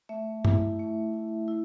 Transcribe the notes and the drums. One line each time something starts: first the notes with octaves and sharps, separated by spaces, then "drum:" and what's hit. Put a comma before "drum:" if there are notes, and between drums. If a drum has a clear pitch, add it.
A3 E5
E4, drum: tom G2
A3
E4
E4